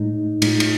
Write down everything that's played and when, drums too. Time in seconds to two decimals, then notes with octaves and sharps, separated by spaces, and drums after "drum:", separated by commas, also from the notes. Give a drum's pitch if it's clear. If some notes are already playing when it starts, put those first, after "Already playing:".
Already playing: A2 G#3 D#4
0.42 A2 G#3 D#4, drum: cymbal
0.60 drum: cymbal